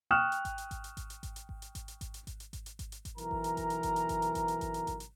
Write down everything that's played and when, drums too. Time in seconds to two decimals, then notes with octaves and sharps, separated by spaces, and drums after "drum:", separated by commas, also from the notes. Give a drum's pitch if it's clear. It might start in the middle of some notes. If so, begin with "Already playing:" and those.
0.11 G5 C#6 D#6 F6 F#6 E7
0.32 drum: hi-hat
0.45 drum: kick G#1, hi-hat
0.58 drum: hi-hat
0.71 drum: kick G#1, hi-hat
0.84 drum: hi-hat
0.97 drum: kick G#1, hi-hat
1.10 drum: hi-hat
1.23 drum: kick G#1, hi-hat
1.36 drum: hi-hat
1.49 drum: kick G#1
1.62 drum: hi-hat
1.75 drum: kick G#1, hi-hat
1.88 drum: hi-hat
2.01 drum: kick G#1, hi-hat
2.14 drum: hi-hat
2.27 drum: kick G#1, hi-hat
2.40 drum: hi-hat
2.53 drum: kick G#1, hi-hat
2.66 drum: hi-hat
2.79 drum: kick G#1, hi-hat
2.92 drum: hi-hat
3.05 drum: kick G#1, hi-hat
3.18 B1 E3 A#4 A#5, drum: hi-hat
3.31 drum: kick G#1
3.44 drum: hi-hat
3.57 drum: kick G#1, hi-hat
3.70 drum: hi-hat
3.83 drum: kick G#1, hi-hat
3.96 drum: hi-hat
4.09 drum: kick G#1, hi-hat
4.22 drum: hi-hat
4.35 drum: kick G#1, hi-hat
4.48 drum: hi-hat
4.61 drum: kick G#1, hi-hat
4.74 drum: hi-hat
4.87 drum: kick G#1, hi-hat
5.00 drum: hi-hat